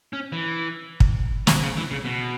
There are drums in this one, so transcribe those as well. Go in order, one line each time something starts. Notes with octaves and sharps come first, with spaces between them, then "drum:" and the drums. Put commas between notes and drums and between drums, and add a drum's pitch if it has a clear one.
C#4
E3
drum: kick
B2, drum: snare
C#3
E3
C#3
B2